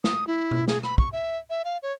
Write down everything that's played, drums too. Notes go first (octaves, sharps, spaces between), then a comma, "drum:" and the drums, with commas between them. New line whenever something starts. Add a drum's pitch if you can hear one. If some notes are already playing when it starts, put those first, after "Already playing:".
D#6, drum: snare
E4
drum: tom B2
G#4, drum: snare
B5, drum: rim click
C#6, drum: kick
E5
E5
F5
C#5